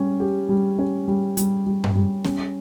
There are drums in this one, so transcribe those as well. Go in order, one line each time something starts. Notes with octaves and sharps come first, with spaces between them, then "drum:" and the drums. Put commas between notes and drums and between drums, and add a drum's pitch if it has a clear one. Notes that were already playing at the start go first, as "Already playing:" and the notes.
Already playing: G3 C#4
G4
G3
C#4
G3
G3, drum: hi-hat
G3
drum: tom G2
G3
C#4, drum: snare B3